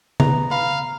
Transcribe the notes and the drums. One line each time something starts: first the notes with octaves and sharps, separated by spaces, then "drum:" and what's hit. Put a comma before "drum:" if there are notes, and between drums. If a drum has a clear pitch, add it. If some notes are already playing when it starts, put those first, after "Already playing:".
B3 A#5, drum: tom C#3
F5 B5